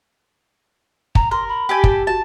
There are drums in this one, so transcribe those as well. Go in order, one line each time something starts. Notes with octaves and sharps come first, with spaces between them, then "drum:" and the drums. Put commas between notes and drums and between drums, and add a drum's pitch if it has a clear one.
A#5, drum: kick
A#4 C6
B5
G4 A4 G#5
drum: kick
F#4 A5